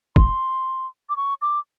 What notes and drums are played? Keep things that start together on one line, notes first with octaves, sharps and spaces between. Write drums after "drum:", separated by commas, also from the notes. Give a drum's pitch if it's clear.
C6, drum: kick
D6
C#6
D6